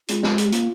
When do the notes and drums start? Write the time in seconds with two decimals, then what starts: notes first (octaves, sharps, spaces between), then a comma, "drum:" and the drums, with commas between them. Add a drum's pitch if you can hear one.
0.08 G#3 F4, drum: hi-hat
0.23 drum: snare
0.38 G#4, drum: hi-hat
0.45 G4
0.52 A#3 F4, drum: hi-hat